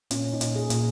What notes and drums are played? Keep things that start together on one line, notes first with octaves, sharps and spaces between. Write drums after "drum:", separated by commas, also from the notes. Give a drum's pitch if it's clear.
A#2 C#4, drum: hi-hat
D#4
A#2, drum: hi-hat
G#4
A#2, drum: hi-hat